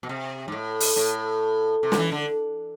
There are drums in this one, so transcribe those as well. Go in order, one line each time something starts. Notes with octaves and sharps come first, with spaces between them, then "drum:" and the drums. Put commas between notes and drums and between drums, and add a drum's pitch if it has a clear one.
B2
C3
G#2
A2
drum: open hi-hat
A2
C3
D3, drum: snare
E3
D3